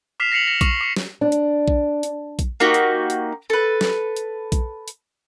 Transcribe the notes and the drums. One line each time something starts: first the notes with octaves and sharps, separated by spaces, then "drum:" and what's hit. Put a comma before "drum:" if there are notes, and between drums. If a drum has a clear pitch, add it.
D6 F6 B6 C7 E7 F7
A#6 C7 C#7 F7 F#7
A#6 C#7 E7
C#6 D6 A#6, drum: kick A#1, hi-hat
D6 C#7
drum: snare
D4
drum: hi-hat
drum: kick A#1
drum: hi-hat
drum: kick A#1, hi-hat
A#3 D#4 F#4 G4
drum: hi-hat
drum: hi-hat
A4 B4
drum: snare
drum: hi-hat
drum: kick A#1, hi-hat
drum: hi-hat